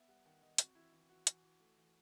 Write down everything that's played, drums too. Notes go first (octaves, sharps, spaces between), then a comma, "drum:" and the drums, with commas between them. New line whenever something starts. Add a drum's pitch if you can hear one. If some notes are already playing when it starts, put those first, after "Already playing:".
Already playing: B3 E5
G3 F#5
D#3 F#5
D#3 D#5
C4 F#4, drum: hi-hat
E3 E4
E3 E4
E3 F#4
E3, drum: hi-hat
E3
A3
E3